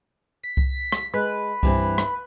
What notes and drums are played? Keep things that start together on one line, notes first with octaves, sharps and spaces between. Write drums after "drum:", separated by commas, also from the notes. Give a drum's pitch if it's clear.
B6
drum: kick C2
drum: rim click
G#3 B4
G2 E3 C4, drum: kick C2
drum: rim click